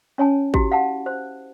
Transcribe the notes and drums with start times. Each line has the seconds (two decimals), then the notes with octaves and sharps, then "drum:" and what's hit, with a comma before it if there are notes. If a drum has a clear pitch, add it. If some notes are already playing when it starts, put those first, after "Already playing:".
0.18 C#4 C#5 G#5 A5
0.54 E4 F#4 G4, drum: kick
0.71 F5 F#5 A5
1.06 C5